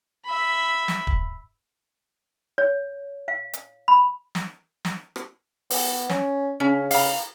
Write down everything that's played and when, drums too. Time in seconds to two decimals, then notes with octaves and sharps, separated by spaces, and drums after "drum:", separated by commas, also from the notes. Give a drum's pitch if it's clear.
0.25 E5 B5
0.88 drum: snare
1.07 drum: kick
2.58 C#5
3.28 F5
3.53 drum: hi-hat
3.88 B5
4.35 drum: snare
4.85 drum: snare
5.16 drum: rim click
5.70 B3, drum: open hi-hat
6.09 C#4, drum: snare
6.60 C#3 C#4
6.91 F5 A#5, drum: open hi-hat